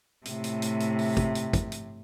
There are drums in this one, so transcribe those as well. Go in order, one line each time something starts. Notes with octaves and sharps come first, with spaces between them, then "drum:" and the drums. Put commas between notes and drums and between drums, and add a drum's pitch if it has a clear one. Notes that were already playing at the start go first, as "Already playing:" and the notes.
A2 C3, drum: hi-hat
drum: hi-hat
drum: hi-hat
drum: hi-hat
drum: open hi-hat
drum: kick, hi-hat
drum: hi-hat
drum: kick, hi-hat
drum: hi-hat